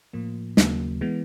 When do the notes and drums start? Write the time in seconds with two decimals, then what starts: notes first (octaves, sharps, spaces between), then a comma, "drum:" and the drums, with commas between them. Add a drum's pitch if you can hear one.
0.13 A2 F3 A#3
0.57 D#2 C#3 F#3 A#3, drum: snare
1.01 E3 G#3 B3